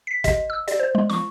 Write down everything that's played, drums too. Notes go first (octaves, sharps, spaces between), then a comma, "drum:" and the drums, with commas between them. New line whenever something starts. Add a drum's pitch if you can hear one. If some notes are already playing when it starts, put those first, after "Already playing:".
B6
D#5, drum: kick, hi-hat
E6
D5, drum: hi-hat
C5
G#3
C#6, drum: snare